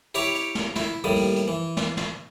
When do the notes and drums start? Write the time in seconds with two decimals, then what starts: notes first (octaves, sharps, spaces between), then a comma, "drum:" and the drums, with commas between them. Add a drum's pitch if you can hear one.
0.15 E4 G4 C#5 A#5 C#6 D6
0.35 drum: hi-hat
0.55 drum: snare
0.76 E4, drum: snare
1.04 D#2 A2 G3 D#6
1.16 drum: open hi-hat
1.36 drum: hi-hat
1.48 E3
1.77 drum: snare
1.97 drum: snare